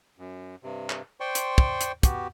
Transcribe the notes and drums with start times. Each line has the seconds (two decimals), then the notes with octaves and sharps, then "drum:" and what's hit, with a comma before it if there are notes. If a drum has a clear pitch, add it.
0.18 F#2
0.63 G2 C3
0.90 drum: clap
1.20 C5 D5 G5 C6 C#6
1.35 drum: hi-hat
1.58 drum: kick
1.81 drum: hi-hat
2.03 B3 F#4 G4, drum: kick, hi-hat